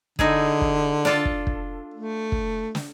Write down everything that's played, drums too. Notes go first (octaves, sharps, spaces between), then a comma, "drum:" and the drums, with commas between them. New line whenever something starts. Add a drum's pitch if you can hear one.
D3 D#4 E4 G#4, drum: kick
drum: kick
D4 F4 A4, drum: snare
drum: kick
drum: kick
A3
drum: kick
drum: snare